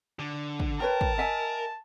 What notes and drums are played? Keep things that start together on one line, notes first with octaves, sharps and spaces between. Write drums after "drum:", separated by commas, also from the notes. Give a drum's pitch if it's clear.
D3
drum: kick
A#4 B4 C#5 G5 A5
drum: kick
D#5 E5 G#5